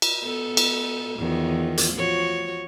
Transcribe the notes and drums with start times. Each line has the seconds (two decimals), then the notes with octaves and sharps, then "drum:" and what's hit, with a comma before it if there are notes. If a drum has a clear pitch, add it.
0.02 drum: cymbal
0.24 B3 A4
0.57 drum: cymbal
1.18 E2 D#3 F3
1.77 drum: hi-hat
1.93 F3 F#4 C#5